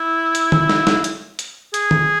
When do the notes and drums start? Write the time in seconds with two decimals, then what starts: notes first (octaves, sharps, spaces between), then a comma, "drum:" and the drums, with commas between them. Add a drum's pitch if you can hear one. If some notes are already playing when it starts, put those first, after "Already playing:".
Already playing: E4
0.35 drum: hi-hat
0.52 drum: tom D#3
0.69 drum: snare
0.87 drum: snare
1.04 drum: hi-hat
1.39 drum: hi-hat
1.74 G#4, drum: hi-hat
1.91 drum: tom D#3